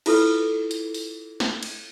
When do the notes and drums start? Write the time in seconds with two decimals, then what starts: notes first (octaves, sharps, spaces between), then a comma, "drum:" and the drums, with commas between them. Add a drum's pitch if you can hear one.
0.06 E4 F4 A4 B4, drum: cymbal
0.71 drum: hi-hat
0.94 drum: open hi-hat
1.40 drum: snare
1.63 drum: cymbal